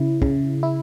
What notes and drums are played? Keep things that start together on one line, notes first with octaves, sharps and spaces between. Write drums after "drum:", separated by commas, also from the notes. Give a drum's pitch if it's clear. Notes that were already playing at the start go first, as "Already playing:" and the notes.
Already playing: C#3 E4
C#3, drum: kick
E4